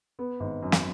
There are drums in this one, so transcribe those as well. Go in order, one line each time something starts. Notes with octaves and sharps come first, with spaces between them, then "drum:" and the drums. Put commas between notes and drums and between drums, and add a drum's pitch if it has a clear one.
B3
G#1
F#2
drum: snare